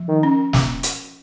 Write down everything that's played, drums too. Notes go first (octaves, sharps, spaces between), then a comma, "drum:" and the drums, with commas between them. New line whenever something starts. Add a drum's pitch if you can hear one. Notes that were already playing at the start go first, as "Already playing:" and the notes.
Already playing: F3
D#3
C#4
drum: snare
drum: hi-hat